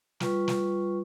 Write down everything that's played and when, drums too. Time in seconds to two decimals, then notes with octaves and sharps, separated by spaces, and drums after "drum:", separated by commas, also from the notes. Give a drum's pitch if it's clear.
0.20 G3 F4 B4 C#6, drum: snare
0.48 drum: snare